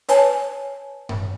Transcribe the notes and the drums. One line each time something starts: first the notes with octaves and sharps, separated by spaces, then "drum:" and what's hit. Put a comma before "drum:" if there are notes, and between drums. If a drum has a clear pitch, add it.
B4 C#5 G#5 A5, drum: hi-hat
drum: tom G2